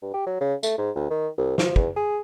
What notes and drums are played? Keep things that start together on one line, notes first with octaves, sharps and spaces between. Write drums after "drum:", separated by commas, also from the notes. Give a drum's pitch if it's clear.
G2
G4
F#3
C#3
A3, drum: tambourine
G#2
D2
D#3
C2
F3, drum: snare
E2, drum: kick
G#4